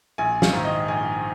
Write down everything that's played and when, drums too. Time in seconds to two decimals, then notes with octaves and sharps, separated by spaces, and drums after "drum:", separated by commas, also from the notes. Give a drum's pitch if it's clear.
0.18 A#1 G#5
0.42 F5, drum: snare
0.53 G#2 D#3
0.65 D#5
0.88 A#1 G#5